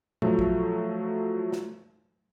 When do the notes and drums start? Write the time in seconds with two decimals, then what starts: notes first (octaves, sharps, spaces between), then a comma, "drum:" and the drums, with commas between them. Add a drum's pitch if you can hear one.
0.22 F3 F#3 A3, drum: tom A#2
0.39 drum: kick
1.52 drum: snare